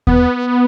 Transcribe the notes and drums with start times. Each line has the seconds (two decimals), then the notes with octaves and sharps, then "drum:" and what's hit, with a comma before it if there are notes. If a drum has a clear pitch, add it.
0.07 B3, drum: kick D#2